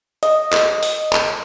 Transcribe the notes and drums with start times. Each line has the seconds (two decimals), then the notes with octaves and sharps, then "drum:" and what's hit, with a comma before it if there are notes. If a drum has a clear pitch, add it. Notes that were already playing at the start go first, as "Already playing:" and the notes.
0.23 D#5, drum: hi-hat
0.53 drum: clap
0.83 drum: open hi-hat
1.13 drum: clap